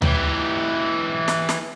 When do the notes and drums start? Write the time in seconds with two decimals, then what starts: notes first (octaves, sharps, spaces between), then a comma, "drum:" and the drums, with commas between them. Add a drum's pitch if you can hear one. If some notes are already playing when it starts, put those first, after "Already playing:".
0.02 E3 G4, drum: tom D2
1.28 drum: snare
1.49 drum: snare